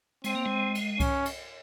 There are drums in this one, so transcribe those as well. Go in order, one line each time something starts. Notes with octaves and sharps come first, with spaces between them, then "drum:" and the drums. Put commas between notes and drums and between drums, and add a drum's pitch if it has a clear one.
G#3 C4, drum: cymbal
A#3
G#3
drum: cymbal
C#4, drum: kick C2, cymbal
drum: cymbal